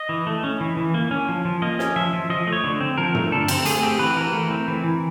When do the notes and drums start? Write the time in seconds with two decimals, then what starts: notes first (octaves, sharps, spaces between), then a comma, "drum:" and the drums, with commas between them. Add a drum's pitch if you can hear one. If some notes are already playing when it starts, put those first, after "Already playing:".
Already playing: D#5
0.09 E3
0.27 A3
0.44 C#4
0.61 E3
0.77 E3
0.94 A#3
1.11 C#4
1.29 F3
1.45 F3
1.62 A#3 D#5
1.79 C#4, drum: snare
1.96 F3 E5
2.13 F3
2.30 F3 D#5
2.47 A3
2.52 C#5
2.64 D3
2.81 C4
2.98 F3 A#4
3.15 A3, drum: tom G2
3.32 D3 A4
3.48 C4, drum: cymbal
3.65 A3 G#4, drum: hi-hat
3.82 C4 G4
3.99 E3 B4
4.16 E3 A#4
4.33 A3
4.50 C4
4.68 E3
4.84 E3